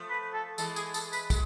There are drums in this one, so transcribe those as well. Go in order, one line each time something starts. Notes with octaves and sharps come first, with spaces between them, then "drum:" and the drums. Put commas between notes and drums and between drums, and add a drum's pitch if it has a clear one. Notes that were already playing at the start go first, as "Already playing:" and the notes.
Already playing: F3 A3
B4
A4
E3 G#3 A4, drum: tambourine
G#4, drum: tambourine
A4, drum: tambourine
B4, drum: tambourine
G#3, drum: kick, tambourine